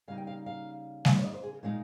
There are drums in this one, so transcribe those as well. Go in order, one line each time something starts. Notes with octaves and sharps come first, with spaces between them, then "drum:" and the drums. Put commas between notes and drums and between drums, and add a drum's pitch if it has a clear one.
C#3 G3 A#3 D#4 F5
G5
F5
F5
drum: snare G3
C#5
D#5
C5
G#4
A#2 G#3 D#4 F5